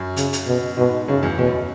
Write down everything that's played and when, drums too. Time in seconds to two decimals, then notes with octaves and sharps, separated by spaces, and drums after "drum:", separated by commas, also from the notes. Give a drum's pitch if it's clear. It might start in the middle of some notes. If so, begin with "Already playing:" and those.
Already playing: F#2
0.17 C#3, drum: hi-hat
0.33 drum: hi-hat
0.47 B2
0.77 G#2 B2
1.08 F#2 C#3
1.23 E2
1.38 E2 B2
1.47 F#2